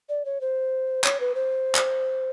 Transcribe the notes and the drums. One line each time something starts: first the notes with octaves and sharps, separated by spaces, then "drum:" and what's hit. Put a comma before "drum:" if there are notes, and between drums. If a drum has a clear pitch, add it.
D5
C#5
C5
C#5, drum: clap
B4
C5
drum: clap